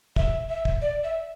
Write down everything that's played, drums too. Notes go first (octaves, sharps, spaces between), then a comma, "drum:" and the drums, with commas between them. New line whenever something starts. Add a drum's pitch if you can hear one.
E5, drum: kick
E5
drum: kick
D5
E5